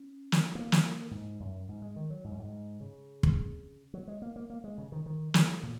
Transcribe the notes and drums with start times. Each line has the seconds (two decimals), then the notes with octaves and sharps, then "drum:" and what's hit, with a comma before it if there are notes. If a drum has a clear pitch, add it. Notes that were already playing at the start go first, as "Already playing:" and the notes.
Already playing: C#4
0.32 drum: snare
0.55 A#3
0.72 drum: snare
1.11 G#2
1.40 F#2
1.69 G#2
1.82 G#3
1.96 D#3
2.10 F#3
2.24 G#2
2.31 F#2
2.39 G#2
2.80 C#3
3.23 drum: kick
3.94 F#3
4.08 G#3
4.22 A#3
4.36 A#3
4.50 A#3
4.64 G#3
4.78 C#3
4.92 D#3
5.06 D#3
5.34 C#3, drum: snare
5.63 A#2